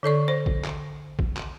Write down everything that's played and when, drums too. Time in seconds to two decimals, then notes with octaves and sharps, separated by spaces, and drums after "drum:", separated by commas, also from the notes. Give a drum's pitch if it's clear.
0.03 D3 A4 D5 C#6
0.28 C5
0.46 drum: kick
0.64 drum: clap
1.19 drum: kick
1.37 drum: clap